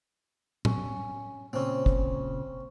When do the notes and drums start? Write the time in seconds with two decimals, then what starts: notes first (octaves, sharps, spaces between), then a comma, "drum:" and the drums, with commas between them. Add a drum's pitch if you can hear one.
0.65 C#4, drum: tom A2
1.53 A#2 C#3 C4 C#4
1.86 drum: kick